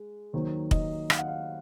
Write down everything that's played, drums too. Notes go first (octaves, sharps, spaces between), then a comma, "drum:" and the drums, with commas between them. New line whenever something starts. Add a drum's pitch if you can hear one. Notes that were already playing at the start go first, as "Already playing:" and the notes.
Already playing: G#3
D#2 D#3 F#3 C5
D#5, drum: kick
F5, drum: rim click
F#5
F5